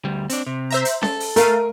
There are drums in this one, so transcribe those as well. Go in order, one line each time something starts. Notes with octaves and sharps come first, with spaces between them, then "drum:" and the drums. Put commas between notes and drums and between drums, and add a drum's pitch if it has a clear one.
D2 G3
C4 D4, drum: hi-hat
C3
C5 E5 A#5
drum: hi-hat
A4, drum: snare C#4
drum: open hi-hat
A3 A#4 F5 D#7, drum: hi-hat